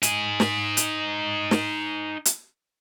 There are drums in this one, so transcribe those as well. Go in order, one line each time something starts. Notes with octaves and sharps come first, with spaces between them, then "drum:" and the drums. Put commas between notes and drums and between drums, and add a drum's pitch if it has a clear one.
D#4 G#5, drum: hi-hat
drum: snare
drum: hi-hat
drum: snare
drum: hi-hat